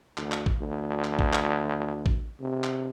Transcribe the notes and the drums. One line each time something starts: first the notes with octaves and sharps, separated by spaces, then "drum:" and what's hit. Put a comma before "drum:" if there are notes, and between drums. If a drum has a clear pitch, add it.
D2, drum: clap
drum: clap
drum: kick
D2
drum: clap
drum: kick
drum: clap
drum: kick
C3
drum: clap